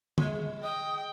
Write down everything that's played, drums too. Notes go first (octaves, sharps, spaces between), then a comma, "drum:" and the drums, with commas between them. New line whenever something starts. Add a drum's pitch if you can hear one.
G3 G#3, drum: tom
D#5 G5 D#6